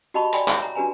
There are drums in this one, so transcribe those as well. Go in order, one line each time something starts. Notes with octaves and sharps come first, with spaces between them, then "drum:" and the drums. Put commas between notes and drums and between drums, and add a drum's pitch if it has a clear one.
F#4 G4 D#5 A5 B5 C#6
D5 G5 G#5 B5 C6, drum: hi-hat
C#5 E5 G5, drum: clap
A#5
D4 F#4 G4 B4 G#5 A#5